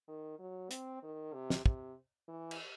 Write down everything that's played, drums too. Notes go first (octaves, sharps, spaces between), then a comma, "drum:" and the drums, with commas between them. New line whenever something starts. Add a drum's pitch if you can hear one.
D#3
F#3
C4, drum: hi-hat
D#3
C3
drum: snare
C3, drum: kick
E3
drum: cymbal